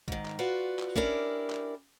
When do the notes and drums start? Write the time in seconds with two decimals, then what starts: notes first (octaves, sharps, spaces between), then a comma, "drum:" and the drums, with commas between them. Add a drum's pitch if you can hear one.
0.08 G#2 D#3, drum: kick
0.26 drum: clap
0.39 F4 F#4 B4 D5
0.79 drum: clap
0.96 C#4 D4 E4 G4 A#4 D5, drum: kick
1.50 drum: clap